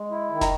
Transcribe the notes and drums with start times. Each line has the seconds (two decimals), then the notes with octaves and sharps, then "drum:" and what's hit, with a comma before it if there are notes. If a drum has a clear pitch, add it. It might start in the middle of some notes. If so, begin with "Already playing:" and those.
Already playing: G#3
0.11 E4
0.31 D#3
0.41 A#5, drum: snare